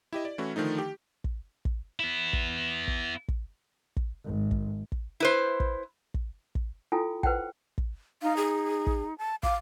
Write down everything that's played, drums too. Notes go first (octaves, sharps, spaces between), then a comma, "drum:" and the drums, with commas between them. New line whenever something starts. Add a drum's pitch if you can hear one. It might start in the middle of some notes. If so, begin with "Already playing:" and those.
E4 G4 D#5
D5
E3 A3 C#4 E4 F#4
D3 D#3 F3 A3 D#4
G4
drum: kick
drum: kick
B3 E4
drum: kick
drum: kick
drum: kick
drum: kick
G#1
drum: kick
drum: kick
E4 B4 C5
drum: kick
drum: kick
drum: kick
E4 F4 A4 G5 G#5
B4 C5 F#5 G5, drum: kick
drum: kick
D#4 F5
G#4
drum: kick
A5
F5 D6, drum: kick